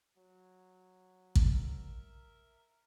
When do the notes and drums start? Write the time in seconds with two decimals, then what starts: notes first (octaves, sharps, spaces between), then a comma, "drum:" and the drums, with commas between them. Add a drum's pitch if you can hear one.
0.17 F#3
1.35 A#4 E5, drum: kick